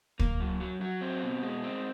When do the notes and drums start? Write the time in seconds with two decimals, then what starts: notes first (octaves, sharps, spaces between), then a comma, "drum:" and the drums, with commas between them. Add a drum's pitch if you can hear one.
0.19 A#3, drum: kick
0.40 F#2
0.60 F#3
0.81 F#3
1.01 C4
1.23 B2
1.43 G#3
1.64 C4